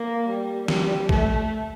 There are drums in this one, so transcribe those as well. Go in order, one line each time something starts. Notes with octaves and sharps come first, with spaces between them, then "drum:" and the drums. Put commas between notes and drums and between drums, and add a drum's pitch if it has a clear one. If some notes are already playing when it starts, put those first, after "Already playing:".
Already playing: A#3
G3
G3, drum: snare
A3, drum: kick